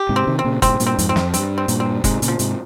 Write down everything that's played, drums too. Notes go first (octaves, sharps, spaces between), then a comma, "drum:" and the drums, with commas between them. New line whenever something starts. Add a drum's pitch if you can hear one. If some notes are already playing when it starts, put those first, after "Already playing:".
Already playing: G4
G#2 C3
C4
C3 D#3
C4
A#2 C#3
G#2 C3 C4, drum: kick, hi-hat
C3
G2 A#2, drum: hi-hat
C4
F2 G#2, drum: hi-hat
C4
F2, drum: snare
G2 C4, drum: hi-hat
C4
G2 A#2, drum: hi-hat
C4
G#2 C3 G#3, drum: kick, hi-hat
A#2 C#3, drum: hi-hat
F3
G#2 C3, drum: hi-hat